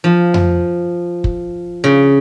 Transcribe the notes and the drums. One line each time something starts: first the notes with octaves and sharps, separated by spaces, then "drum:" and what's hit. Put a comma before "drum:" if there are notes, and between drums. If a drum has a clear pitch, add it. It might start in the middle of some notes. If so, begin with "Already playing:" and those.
F3
drum: tom F2
drum: kick
C#3